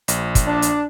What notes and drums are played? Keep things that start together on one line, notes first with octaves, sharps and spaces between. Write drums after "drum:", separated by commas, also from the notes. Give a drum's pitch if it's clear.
A#1, drum: hi-hat
drum: kick, hi-hat
D4
drum: hi-hat